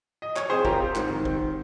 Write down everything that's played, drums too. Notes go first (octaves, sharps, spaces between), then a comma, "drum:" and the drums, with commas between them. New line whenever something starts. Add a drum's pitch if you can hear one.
D#5
C#5, drum: clap
C4 G#4 C5
F4 G4 A#4, drum: kick
C4 G4
G#2, drum: clap
D#3
C4, drum: kick